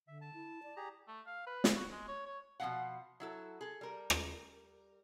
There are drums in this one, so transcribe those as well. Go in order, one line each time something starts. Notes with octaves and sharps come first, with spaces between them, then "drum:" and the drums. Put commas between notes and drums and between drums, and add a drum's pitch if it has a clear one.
D3 E5
A5
E4
D5
G4 G#4 A#5
A3
F5
B4
drum: snare
F#4
G#3
C#5
C#5
B2 F3 C4 C#4 F5 F#5
F#3 E4 A4
G#4 A4
G3 A#4
drum: rim click